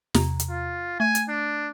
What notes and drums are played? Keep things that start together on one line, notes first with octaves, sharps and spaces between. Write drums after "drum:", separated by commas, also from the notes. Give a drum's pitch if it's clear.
E2 C3 A#5, drum: snare
drum: hi-hat
F4
A3 G#5
drum: hi-hat
D4